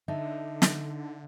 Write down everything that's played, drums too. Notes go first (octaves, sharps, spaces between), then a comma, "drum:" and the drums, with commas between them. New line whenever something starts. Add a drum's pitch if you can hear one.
D3 D4 D#4 E5
drum: snare